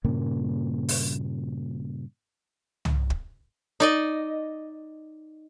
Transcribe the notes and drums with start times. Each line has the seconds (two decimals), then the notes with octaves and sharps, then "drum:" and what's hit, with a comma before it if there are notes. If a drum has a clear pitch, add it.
0.04 G2 A#2 C#3 A#3
0.89 drum: open hi-hat
2.85 drum: tom
3.10 drum: kick
3.80 D#4 D5 D#5